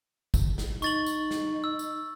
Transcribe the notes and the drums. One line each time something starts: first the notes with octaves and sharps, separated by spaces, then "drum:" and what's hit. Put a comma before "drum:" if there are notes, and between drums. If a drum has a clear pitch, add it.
drum: kick, tambourine
drum: snare
D#4 C#6 A6 F#7, drum: tambourine
drum: tambourine
drum: snare
E6
drum: tambourine